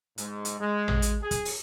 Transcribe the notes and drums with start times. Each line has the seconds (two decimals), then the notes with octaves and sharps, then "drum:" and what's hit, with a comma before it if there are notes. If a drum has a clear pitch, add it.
0.18 G#2, drum: hi-hat
0.45 drum: hi-hat
0.59 G#3
0.88 drum: tom A1
1.02 drum: hi-hat
1.21 G#4
1.31 drum: kick, hi-hat
1.45 drum: open hi-hat